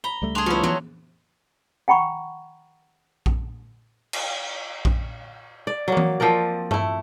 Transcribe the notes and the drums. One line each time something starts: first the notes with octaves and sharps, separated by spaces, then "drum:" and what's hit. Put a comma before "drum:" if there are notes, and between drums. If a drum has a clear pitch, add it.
A#5 B5 G7
C#2 G3 A3
D4 G#4 A5 C6 F7
F3 B3 C#4 E4
F#3, drum: tom E3
F#5 G5 A#5 B5 C#6
drum: kick A#1
drum: cymbal
drum: kick A#1
D5
F#3 A#3
drum: tom E3
F3 C4 A#4 D5
A3 E4, drum: tom G2